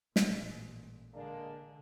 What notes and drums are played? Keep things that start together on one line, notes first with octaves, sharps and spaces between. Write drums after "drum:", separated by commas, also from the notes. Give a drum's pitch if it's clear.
A1 A#2, drum: snare
D3 G#3 A#3 D4